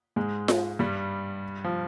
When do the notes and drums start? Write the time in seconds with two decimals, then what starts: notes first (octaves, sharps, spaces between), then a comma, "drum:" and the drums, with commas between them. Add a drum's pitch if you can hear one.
0.16 G#2 G#3
0.48 drum: snare F4
0.79 G2 G3
1.64 F3